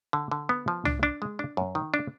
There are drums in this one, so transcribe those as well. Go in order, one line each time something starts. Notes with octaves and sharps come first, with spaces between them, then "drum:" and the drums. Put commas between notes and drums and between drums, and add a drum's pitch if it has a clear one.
D3
D3
B3
F3
D4, drum: tom
D4
G#3
D4
F#2
D#3
D4